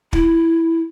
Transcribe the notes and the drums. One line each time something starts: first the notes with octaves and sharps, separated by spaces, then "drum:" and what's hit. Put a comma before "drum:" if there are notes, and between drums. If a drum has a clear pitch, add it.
E4, drum: kick